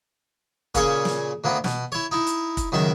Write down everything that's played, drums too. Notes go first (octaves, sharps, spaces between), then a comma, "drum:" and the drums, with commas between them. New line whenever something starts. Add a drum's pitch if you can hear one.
A#2 C#3 C#4 G#4 C#6, drum: kick, hi-hat
drum: snare
D2 A#3 B3
B2, drum: snare
E4 C#5
D#4 E4
drum: hi-hat
drum: kick, hi-hat
C#2 F#2 D#3 E5